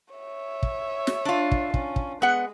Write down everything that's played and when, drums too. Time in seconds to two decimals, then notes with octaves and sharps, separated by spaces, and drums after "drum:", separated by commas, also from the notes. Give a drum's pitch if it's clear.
0.14 C#5 E5
0.63 drum: kick
1.07 drum: snare
1.25 D4 F4
1.51 drum: kick
1.74 C#4, drum: kick
1.96 drum: kick
2.22 G#3 B3 F#5